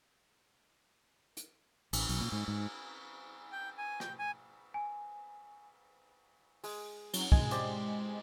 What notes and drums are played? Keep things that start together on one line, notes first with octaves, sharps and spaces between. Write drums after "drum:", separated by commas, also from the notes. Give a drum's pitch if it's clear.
drum: hi-hat
A1, drum: cymbal
B1, drum: open hi-hat
A#2
G#2
G#2
G5
G#5
G5, drum: rim click
G#5
G#5
G#3, drum: open hi-hat
F#3, drum: cymbal
G#3 G#5, drum: kick
G4 C5 D5, drum: hi-hat